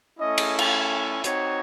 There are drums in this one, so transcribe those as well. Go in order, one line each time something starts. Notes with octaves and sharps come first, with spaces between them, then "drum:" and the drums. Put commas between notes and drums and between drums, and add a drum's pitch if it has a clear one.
A3 C#4 E4 D#5
drum: cymbal
drum: cymbal
C4 D#4 F#4 C#5, drum: hi-hat